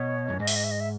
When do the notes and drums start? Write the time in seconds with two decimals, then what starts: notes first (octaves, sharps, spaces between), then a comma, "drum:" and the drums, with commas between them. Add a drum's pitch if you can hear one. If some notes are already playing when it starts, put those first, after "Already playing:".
Already playing: B2 C#5
0.28 F#2
0.40 G#2 D#5
0.47 E5, drum: open hi-hat
0.56 D#5
0.64 E5
0.71 D#5
0.80 E5